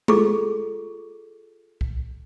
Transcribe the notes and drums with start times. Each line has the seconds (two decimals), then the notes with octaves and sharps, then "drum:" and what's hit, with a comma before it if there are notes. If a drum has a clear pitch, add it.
0.08 F4 G#4 A4 C#6 D6, drum: tom G#3
1.81 drum: kick C2